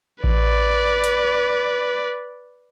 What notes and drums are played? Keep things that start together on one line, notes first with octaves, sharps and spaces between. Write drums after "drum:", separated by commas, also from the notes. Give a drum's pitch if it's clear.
B4 D5, drum: kick A1
drum: hi-hat